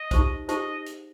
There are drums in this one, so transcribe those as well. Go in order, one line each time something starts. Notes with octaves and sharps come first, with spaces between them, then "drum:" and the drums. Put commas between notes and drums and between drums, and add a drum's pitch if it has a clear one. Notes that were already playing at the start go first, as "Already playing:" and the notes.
Already playing: D#5
D#4 G4 C5, drum: kick B1, hi-hat
D#4 G4 C5 D#5, drum: hi-hat
drum: hi-hat